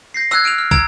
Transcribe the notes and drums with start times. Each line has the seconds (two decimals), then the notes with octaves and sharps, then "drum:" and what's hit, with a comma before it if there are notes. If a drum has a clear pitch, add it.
0.14 G6 A#6 C7
0.32 E6 F#6 G#6, drum: clap
0.44 F6 D7 D#7 F7
0.58 F6
0.71 A#5 E6 G#6 D7 F7, drum: kick